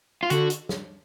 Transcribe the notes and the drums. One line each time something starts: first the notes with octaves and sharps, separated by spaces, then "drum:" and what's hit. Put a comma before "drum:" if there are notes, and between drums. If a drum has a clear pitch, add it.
F4
D3 F#4, drum: hi-hat
drum: hi-hat
drum: snare